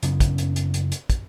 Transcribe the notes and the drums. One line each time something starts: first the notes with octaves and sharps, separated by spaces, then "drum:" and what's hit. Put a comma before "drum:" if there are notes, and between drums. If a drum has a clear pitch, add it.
F#2 C#3 B3, drum: hi-hat
drum: kick, hi-hat
drum: hi-hat
drum: hi-hat
drum: hi-hat
drum: hi-hat
drum: kick, hi-hat